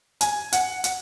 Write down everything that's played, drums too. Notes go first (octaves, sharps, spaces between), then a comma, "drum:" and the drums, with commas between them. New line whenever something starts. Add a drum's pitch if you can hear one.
G#5, drum: hi-hat
F#5, drum: hi-hat
F#5, drum: hi-hat